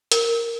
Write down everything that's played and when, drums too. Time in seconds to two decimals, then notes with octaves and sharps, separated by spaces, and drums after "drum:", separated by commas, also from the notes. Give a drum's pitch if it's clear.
0.12 A#4, drum: hi-hat